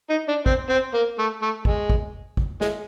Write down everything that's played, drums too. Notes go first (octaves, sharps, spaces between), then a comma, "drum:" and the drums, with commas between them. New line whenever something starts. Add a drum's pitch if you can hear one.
D#4
D4
C4, drum: kick G#1
C4
A#3
A3
A3
G#3, drum: kick G#1
drum: kick G#1
drum: kick G#1
G#3, drum: snare